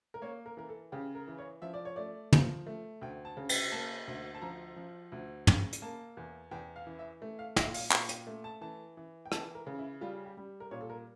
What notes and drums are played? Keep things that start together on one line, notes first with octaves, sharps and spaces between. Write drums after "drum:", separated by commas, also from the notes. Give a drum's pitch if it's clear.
A#4
A#3 C#5
A#4
E3 A#4
A4
C#3 G4
A#4
E3
C#5
F3 E5
D5
C#5
A3 D5
F3, drum: tom
A3
D2 G5
A5
C#3
G5, drum: cymbal
A#3 A5
D2
A5
F3 A#5
F3
D2
C#3, drum: tom
drum: hi-hat
A#3 A5
E2
E2 G5
F5
E3
E5
A3
F5
A#2 E5, drum: snare
F5, drum: open hi-hat
A#2 A5, drum: clap
G5, drum: hi-hat
A3
A5
E3 A5
E3
G5
E3 A5, drum: rim click
A#4
C#3
E4
G3 F4
G4
G3
A#4
A#2 C#5
A4
A#4